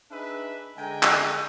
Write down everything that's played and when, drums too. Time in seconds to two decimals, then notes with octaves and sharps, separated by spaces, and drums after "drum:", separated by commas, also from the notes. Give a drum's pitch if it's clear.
0.11 D4 D#4 G#4 B4 E5
0.77 D3 G#3 A4 G5 G#5 A#5
1.03 drum: clap